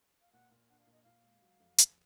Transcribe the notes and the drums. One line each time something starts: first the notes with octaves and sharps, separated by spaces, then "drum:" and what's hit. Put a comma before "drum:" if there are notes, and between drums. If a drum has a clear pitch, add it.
F5
A#2 F#5
A#2
D4 F#5
F5
A#2 D#5
A#2 F5
G#3
F#3
F2
F2, drum: hi-hat